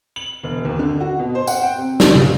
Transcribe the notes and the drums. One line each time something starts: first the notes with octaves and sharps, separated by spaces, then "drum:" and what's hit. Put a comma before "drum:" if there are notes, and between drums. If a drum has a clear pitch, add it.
F#7
E1
D#2
D3
F#4
B2
C5
F#5, drum: tambourine
G5
C3
F#2, drum: snare
C#2, drum: tom